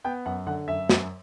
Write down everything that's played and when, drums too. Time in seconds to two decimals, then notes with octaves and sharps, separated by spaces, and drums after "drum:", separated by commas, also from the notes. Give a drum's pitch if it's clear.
0.04 B3 G5
0.26 F#2 F#5
0.47 D3 F#5
0.68 F#2 E5
0.89 F#2, drum: snare